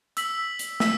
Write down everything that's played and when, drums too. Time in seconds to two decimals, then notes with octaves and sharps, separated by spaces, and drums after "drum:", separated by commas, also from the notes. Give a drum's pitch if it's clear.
0.17 E6 B6 F#7, drum: hi-hat
0.59 drum: hi-hat
0.80 E6 B6, drum: snare